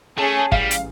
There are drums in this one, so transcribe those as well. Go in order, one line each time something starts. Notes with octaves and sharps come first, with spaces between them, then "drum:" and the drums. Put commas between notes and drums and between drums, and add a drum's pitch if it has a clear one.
A3 C#4 G#4 A5
A1 G3 F5, drum: kick G1
drum: hi-hat